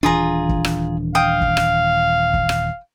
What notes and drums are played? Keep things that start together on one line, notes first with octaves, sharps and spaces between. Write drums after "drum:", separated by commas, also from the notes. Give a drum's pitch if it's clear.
D#1 E3 D4 F4 G#4 A#5
drum: kick
drum: rim click
F5 G5 D#6
drum: kick
drum: rim click
drum: kick
drum: rim click